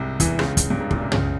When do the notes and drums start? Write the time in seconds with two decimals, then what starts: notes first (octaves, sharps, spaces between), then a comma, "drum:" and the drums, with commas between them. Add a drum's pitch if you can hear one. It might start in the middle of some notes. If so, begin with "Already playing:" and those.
Already playing: C2 G#2 C3
0.20 E2 E3, drum: kick, hi-hat
0.39 C#2 C#3, drum: rim click
0.57 drum: kick, hi-hat
0.70 G2
0.80 G#2
0.91 A#2, drum: kick
1.01 C3
1.12 C#2 C#3, drum: tom